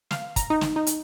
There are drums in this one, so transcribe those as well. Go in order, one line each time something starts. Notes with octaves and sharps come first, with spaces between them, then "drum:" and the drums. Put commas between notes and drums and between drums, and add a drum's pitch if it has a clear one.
F5, drum: snare
A#5, drum: kick, hi-hat
D#4
drum: snare
D#4
drum: hi-hat